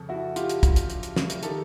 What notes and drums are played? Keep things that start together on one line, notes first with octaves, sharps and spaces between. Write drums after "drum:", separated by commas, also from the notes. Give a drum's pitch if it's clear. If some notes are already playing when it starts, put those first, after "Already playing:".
Already playing: F2 C#3 A4
E4 F#4
F4 G4, drum: hi-hat
drum: hi-hat
drum: kick, hi-hat
drum: hi-hat
drum: hi-hat
drum: hi-hat
drum: snare
drum: hi-hat
D#3 G4 A4, drum: hi-hat